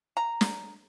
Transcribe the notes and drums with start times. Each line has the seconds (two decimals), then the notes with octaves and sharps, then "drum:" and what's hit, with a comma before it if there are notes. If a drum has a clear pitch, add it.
0.17 A#5
0.41 drum: snare